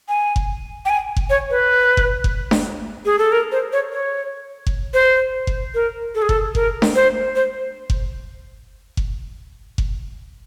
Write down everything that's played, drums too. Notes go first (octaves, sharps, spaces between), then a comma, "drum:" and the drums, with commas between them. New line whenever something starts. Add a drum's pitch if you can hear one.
G#5
drum: kick F#1
G5
G#5
drum: kick F#1
C#5
B4
drum: kick F#1
drum: kick F#1
drum: snare D4
G#4
A4
A#4
C5
C#5
C#5
drum: kick F#1
C5
drum: kick F#1
A#4
A4
G#4
A4, drum: kick F#1
A#4, drum: kick F#1
drum: snare D4
C5
C5
drum: kick F#1
drum: kick F#1
drum: kick F#1